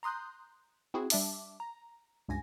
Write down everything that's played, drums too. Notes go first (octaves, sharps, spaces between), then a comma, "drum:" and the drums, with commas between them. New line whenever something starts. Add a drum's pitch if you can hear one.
A#5 C6 D#6 F#6 G6
C4 E4 F#4 G#4
G3 D4 E5 A5 D6, drum: open hi-hat
A#5
C#2 G2 G#5 A#6